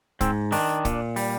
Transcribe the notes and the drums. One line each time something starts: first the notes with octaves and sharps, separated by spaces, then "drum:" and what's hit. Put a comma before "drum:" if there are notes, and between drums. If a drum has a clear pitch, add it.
G#2 C4, drum: kick, hi-hat
D#3 D4, drum: open hi-hat
A#2, drum: kick, hi-hat
G3, drum: open hi-hat